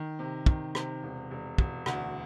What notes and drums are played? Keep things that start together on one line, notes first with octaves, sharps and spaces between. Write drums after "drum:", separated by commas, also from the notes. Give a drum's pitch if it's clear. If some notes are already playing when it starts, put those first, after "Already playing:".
Already playing: D#3
C3
D#3, drum: kick
C3, drum: rim click
E1
E1
E1, drum: kick
D2, drum: rim click